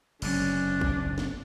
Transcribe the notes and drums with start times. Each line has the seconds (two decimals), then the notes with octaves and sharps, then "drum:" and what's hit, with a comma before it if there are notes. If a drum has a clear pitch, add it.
0.22 F#1 C3 F#3 C#4 D4, drum: cymbal
0.81 drum: kick A1
1.18 drum: snare